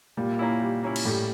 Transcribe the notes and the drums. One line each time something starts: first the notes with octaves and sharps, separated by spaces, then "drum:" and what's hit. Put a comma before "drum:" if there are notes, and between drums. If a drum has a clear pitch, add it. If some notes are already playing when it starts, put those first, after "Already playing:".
A#2 G3
A#3 C#4 E4
G3
A#3 C#4 E4
drum: cymbal
A2 G3